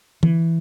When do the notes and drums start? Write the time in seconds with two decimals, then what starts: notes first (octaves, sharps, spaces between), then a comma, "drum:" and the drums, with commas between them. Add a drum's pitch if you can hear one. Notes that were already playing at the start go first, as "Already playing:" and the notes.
0.23 E3, drum: tom D3